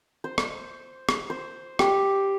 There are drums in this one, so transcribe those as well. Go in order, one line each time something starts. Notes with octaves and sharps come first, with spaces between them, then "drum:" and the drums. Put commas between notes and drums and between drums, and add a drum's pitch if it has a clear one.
C5
drum: rim click
drum: rim click
C5
G4, drum: rim click